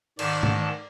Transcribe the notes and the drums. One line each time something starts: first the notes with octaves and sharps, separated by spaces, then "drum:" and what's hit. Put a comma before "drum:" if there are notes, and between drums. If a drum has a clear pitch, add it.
G#2 D#3 D5 A5, drum: cymbal
drum: tom G#2